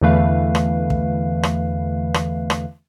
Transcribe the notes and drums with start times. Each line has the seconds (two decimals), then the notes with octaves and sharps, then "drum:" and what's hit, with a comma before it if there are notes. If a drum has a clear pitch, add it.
0.01 E2 D3 E3 A3 B4 F5
0.55 drum: rim click
0.90 drum: kick
1.43 drum: rim click
2.14 drum: rim click
2.50 drum: rim click